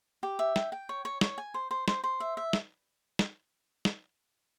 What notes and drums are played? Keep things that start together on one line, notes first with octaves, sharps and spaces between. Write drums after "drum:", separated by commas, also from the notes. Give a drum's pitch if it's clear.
G4
E5
G5, drum: snare
G5
C#5
C#5
C#5, drum: snare
G#5
C5
C5
C5, drum: snare
C5
E5
E5
drum: snare
drum: snare
drum: snare